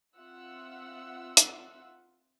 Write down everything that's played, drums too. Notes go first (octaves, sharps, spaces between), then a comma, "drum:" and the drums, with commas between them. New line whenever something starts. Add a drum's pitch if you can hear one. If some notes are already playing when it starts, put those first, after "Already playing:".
C4 F4 E5 F#5 E6
drum: hi-hat